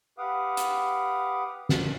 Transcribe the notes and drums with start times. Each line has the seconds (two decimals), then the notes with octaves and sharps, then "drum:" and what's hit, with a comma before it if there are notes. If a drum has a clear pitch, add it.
0.18 G4 B4 F5 F#5 D6 D#6
0.57 drum: hi-hat
1.69 drum: snare